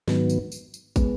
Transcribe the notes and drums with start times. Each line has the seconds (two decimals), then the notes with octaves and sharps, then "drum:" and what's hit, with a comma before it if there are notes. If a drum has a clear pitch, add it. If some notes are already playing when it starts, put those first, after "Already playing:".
0.08 G#2 D#3 F#3 B3, drum: snare
0.30 drum: tambourine
0.52 drum: tambourine
0.74 drum: tambourine
0.96 G#3 B3, drum: kick, tambourine